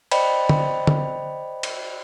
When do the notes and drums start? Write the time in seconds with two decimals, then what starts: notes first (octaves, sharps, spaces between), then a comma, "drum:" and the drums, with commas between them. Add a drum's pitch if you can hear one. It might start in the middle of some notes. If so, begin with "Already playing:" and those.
0.11 C5 D5 D#5 G5 B5, drum: cymbal
0.49 drum: tom D3
0.87 drum: tom D3
1.63 drum: cymbal